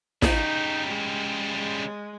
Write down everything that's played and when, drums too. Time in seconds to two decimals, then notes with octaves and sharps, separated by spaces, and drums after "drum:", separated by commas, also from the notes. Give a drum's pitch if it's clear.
0.22 C#3 G3 D#4, drum: snare
0.89 G#3
1.58 G#3